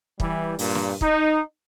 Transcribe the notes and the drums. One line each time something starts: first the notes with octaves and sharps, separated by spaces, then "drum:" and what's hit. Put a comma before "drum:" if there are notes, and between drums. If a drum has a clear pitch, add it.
E3 G3, drum: kick
G2 A#2, drum: open hi-hat
drum: snare
D#4, drum: kick